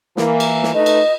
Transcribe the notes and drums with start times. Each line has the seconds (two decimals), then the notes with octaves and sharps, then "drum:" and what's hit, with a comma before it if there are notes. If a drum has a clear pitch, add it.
0.17 E3 A#3, drum: snare
0.40 drum: cymbal
0.63 drum: snare
0.74 A3 D#4 B4 D#5
0.86 drum: cymbal